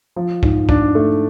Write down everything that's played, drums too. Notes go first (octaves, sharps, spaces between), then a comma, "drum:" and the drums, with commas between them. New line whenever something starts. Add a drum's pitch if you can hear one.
F3
G#2, drum: kick
D4, drum: kick
A3